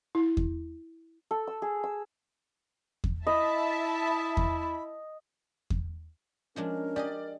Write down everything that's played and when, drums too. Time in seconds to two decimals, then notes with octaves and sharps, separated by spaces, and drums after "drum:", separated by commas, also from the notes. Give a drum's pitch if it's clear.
0.15 E4
0.37 drum: kick E2
1.31 A4
1.47 E6
1.62 G#4
1.83 E6
3.04 drum: kick E2
3.27 E4 D#5 E5 A5 B5
4.37 drum: kick E2
5.70 drum: kick E2
6.56 F3 G#3 C#4 D4 A#4
6.96 G4 G#4 D5 D#5